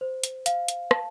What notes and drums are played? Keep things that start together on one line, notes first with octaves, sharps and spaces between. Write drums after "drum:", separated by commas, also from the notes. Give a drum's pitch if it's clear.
C5
drum: hi-hat
F5, drum: hi-hat
drum: hi-hat
A5, drum: rim click